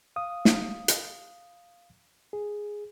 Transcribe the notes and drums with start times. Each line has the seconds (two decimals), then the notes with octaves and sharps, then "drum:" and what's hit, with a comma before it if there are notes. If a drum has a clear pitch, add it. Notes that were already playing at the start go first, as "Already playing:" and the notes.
0.16 F5 D#6
0.45 drum: snare
0.88 drum: hi-hat
2.33 G#4